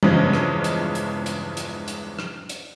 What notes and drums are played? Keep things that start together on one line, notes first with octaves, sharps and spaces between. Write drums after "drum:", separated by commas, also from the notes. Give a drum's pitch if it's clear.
E2 G2 C#3 F3 G#3 C#4, drum: tom
drum: rim click
drum: hi-hat
drum: hi-hat
drum: hi-hat
drum: hi-hat
drum: hi-hat
drum: rim click
drum: hi-hat